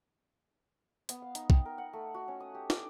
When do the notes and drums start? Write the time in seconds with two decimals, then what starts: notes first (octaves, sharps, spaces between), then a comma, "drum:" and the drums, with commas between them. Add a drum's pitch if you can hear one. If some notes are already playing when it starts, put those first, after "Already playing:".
1.09 B3, drum: hi-hat
1.22 F5
1.35 D#4, drum: hi-hat
1.50 G5, drum: kick B1
1.65 A#4
1.78 F#5
1.93 A3
2.14 F#4
2.28 C#4
2.40 D#6
2.54 G4
2.70 D6, drum: snare